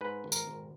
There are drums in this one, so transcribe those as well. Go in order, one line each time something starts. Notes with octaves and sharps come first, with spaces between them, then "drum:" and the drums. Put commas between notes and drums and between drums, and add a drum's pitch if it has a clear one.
G#2 B4
G#1
A#4, drum: tambourine
G#1